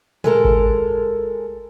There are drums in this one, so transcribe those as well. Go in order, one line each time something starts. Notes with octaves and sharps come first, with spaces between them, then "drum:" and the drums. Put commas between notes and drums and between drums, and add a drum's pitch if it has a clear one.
G#3 A4 A#4, drum: tom A2
drum: kick G#1